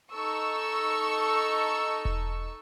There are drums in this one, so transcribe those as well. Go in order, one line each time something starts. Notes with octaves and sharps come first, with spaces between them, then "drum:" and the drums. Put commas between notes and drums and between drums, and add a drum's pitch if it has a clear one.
D#4 A4 C#6 E6
drum: kick E1